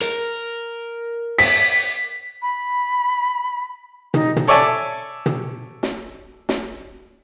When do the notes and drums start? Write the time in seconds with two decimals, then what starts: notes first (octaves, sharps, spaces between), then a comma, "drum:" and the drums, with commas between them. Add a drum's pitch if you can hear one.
0.01 A#4, drum: hi-hat
1.39 B6, drum: open hi-hat
2.42 B5
4.14 D#4, drum: tom
4.36 drum: tom
4.48 A4 C#5 D5 E5 G#5 A5
5.26 drum: tom
5.83 drum: snare
6.49 drum: snare